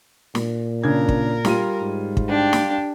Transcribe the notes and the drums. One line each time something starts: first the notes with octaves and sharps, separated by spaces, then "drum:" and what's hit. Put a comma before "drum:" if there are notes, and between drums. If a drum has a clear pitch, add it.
A#2, drum: snare
C#3 D4 A#4 G#6
drum: kick
G3 F4 D#7, drum: snare
G#2
drum: kick
D4 G4
drum: snare